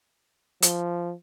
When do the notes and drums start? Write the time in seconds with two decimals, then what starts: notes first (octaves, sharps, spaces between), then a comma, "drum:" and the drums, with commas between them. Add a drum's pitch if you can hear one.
0.62 F3, drum: hi-hat